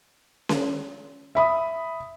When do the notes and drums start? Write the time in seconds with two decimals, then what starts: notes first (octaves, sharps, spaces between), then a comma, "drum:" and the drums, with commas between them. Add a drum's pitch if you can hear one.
0.49 drum: snare C#4
1.35 E5 B5 D#6